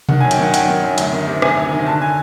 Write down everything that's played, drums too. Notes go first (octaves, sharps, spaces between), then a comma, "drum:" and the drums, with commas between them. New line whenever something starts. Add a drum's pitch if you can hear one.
D#3 F#5, drum: tom B2
G#5
F#2
G5, drum: hi-hat
D#3 F#5
F#2 G5, drum: hi-hat
D#3
F#2
D2, drum: hi-hat
D#3
C3
D2 G#5, drum: rim click
D2
D#3
D3 A5
G#5